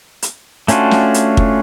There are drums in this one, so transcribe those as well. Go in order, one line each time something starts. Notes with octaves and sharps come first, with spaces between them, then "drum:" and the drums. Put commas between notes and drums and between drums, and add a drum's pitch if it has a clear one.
drum: hi-hat
A3 C#4 D4 F4 F#4, drum: hi-hat
drum: snare
drum: hi-hat
drum: kick